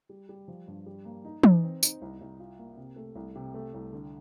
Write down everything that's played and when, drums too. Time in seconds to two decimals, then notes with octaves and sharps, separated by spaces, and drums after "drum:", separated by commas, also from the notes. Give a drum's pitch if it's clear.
0.09 G3
0.29 G3
0.48 F3
0.67 G2
0.86 G3
1.05 A#3
1.25 D#4
1.43 D#4, drum: tom
1.64 C4
1.83 D#4, drum: tambourine
2.02 C2
2.21 C2
2.39 F4
2.59 A#3
2.77 C3
2.96 A3
3.15 C2
3.35 C3
3.54 A3
3.74 C2
3.93 D3